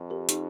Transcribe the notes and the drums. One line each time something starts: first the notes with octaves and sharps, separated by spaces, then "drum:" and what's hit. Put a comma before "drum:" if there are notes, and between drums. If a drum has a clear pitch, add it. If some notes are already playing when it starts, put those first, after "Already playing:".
Already playing: F2
G4 A#4
D#4 G4, drum: hi-hat